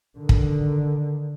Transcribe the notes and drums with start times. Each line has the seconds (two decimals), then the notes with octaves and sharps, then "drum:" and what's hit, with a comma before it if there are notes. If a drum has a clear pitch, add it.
0.18 D3 D#3
0.29 drum: kick